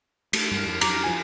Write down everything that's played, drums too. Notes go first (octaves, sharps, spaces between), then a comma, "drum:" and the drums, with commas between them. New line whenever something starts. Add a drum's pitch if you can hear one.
A3, drum: cymbal
G2 G3 G#3
F2
F2 F#3 A#5 D6, drum: cymbal
F3 G#5